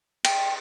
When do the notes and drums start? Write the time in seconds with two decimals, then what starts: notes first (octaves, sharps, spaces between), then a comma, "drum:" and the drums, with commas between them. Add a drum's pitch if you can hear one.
0.25 G5, drum: cymbal